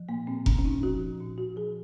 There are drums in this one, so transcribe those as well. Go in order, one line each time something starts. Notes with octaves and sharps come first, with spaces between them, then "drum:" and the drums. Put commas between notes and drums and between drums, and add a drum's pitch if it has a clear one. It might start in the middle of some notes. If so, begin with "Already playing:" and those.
Already playing: F3
A#2 A#3
A#2 C4
A#2 C#4, drum: kick F1
C#4
A#2 D#4
F3 F#4
F3
A#2
A#2 F#4
F3 G#4